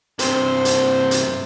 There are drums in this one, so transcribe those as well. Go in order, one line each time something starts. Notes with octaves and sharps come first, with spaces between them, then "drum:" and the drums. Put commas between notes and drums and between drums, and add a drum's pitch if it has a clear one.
G2 C3 C5, drum: hi-hat
drum: hi-hat
drum: hi-hat